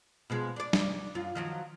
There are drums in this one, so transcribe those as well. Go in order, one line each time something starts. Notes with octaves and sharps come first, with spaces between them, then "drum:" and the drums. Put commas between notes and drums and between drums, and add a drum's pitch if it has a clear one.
B2 F3 G#3
D4 D5
drum: snare
F#2 F4
D#3 F3 F#3